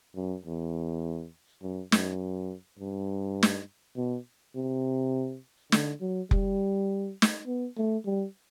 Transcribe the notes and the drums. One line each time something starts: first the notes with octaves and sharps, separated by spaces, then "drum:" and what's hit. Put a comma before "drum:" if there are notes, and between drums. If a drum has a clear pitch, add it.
F#2
E2
F#2
F#2, drum: snare
G2
drum: snare
B2
C3
D3, drum: snare
F#3
G3, drum: kick F1
drum: snare
B3
A3
G3